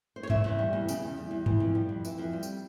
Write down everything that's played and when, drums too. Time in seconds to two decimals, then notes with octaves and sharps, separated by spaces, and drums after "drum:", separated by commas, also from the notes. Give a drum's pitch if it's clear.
0.16 C5
0.23 C#5
0.30 C#3 E5, drum: tom G2
0.44 E2
0.59 G3
0.73 E2
0.88 C#3, drum: tambourine
1.02 E2
1.17 G3
1.31 E2
1.46 E3, drum: tom G2
1.60 F2
1.75 G3
1.89 F2
2.05 E3, drum: tambourine
2.18 F2
2.33 G3
2.43 drum: tambourine